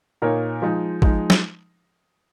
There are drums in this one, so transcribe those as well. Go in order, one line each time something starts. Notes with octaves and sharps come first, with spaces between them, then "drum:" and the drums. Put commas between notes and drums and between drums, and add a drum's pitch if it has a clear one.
A#2 A#3 D#4 A#4 C#5
F3 G#3 D#4
F3 G#3 D#4, drum: kick
drum: snare